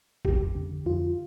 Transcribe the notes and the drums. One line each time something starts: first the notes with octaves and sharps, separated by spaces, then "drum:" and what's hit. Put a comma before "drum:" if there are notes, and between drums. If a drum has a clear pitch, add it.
F2 G4, drum: kick A1
D3
F2 F4